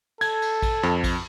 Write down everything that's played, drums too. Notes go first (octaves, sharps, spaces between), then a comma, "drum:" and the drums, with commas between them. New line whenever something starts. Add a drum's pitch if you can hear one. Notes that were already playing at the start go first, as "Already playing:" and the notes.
A4 G#6, drum: cymbal
drum: cymbal
drum: kick A1, cymbal
F2, drum: snare
drum: kick A1, cymbal